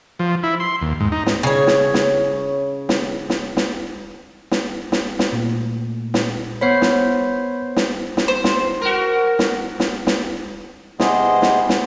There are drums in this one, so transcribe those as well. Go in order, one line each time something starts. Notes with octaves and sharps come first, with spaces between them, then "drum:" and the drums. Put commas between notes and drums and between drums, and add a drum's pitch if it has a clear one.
F3
E4
C6
D#2
G#2
D#4
drum: snare
C#3 C#5
drum: snare
drum: snare
drum: snare
drum: snare
drum: snare
drum: snare
drum: snare
drum: snare
A#2 A3
drum: snare
B3 C5 C#5 B5 C7
drum: snare
drum: snare
drum: snare
C5
drum: snare
F#4 A#4
drum: snare
drum: snare
drum: snare
C3 B3 G#4 C5 D#5, drum: snare
drum: snare
drum: snare